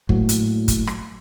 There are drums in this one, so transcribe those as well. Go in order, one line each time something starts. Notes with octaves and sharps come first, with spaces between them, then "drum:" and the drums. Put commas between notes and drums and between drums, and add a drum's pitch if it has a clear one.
A2 F#3 A#3, drum: kick
drum: hi-hat
drum: kick, hi-hat
drum: rim click